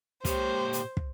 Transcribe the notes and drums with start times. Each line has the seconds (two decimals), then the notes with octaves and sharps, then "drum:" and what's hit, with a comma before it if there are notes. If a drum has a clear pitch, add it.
0.25 A#2 G4 C5 C#5, drum: kick, hi-hat
0.73 drum: hi-hat
0.97 drum: kick